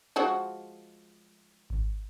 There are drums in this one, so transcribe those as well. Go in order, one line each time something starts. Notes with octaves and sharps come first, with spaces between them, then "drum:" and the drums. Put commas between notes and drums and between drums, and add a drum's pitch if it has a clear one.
F3 G#3 F#4
drum: kick G#1